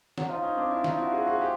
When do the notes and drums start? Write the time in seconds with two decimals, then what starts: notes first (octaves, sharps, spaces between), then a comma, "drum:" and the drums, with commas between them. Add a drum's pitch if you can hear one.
0.18 F#3, drum: snare
0.29 F3 D#4 F4
0.42 C#4 D#4
0.57 C4 D4
0.71 D4 E4
0.84 D#4 F4, drum: snare
0.98 E4 F#4
1.12 F#4 G#4
1.27 F#4 G#4
1.41 G4